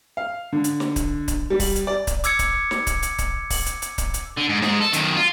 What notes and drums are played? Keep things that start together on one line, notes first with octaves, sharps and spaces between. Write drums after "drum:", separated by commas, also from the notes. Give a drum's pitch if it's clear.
F5
D3
drum: hi-hat
drum: snare
drum: kick C#1, hi-hat
drum: kick C#1, hi-hat
G3
drum: kick C#1, open hi-hat
drum: hi-hat
D5
drum: kick C#1, hi-hat
D6 E6 G#6 C#7, drum: hi-hat
drum: kick C#1, hi-hat
drum: snare
drum: kick C#1, hi-hat
drum: hi-hat
drum: kick C#1, hi-hat
drum: kick C#1, open hi-hat
drum: hi-hat
drum: hi-hat
drum: kick C#1, hi-hat
drum: hi-hat
D3
G#2
G#2 G#3, drum: snare
A4
F#2 D#3, drum: hi-hat
F4